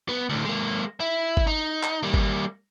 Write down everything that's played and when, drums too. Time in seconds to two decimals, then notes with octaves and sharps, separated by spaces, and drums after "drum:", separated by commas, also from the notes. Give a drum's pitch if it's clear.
0.09 B3
0.30 D2 A2
0.45 G#3 A#3
1.00 E4
1.37 drum: kick G1
1.47 D#4
1.83 drum: clap
2.03 G3 A#3
2.14 drum: kick G1